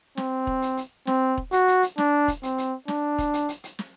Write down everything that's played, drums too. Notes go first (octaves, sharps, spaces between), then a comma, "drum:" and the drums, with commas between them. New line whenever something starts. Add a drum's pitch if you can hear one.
C4, drum: snare
drum: kick E1
drum: hi-hat
drum: hi-hat
C4, drum: snare
drum: kick E1
F#4, drum: hi-hat
drum: hi-hat
drum: hi-hat
D4, drum: snare
drum: kick E1, hi-hat
C4, drum: hi-hat
drum: hi-hat
D4, drum: snare
drum: kick E1, hi-hat
drum: hi-hat
drum: hi-hat
drum: hi-hat
drum: snare